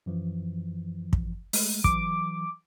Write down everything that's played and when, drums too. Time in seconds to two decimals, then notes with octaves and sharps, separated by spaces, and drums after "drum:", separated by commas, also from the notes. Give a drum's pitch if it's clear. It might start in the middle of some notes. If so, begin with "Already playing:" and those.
0.06 F#2 E3 F3
1.13 drum: kick
1.53 G#3 A3, drum: open hi-hat
1.84 E3 F#3 D6, drum: kick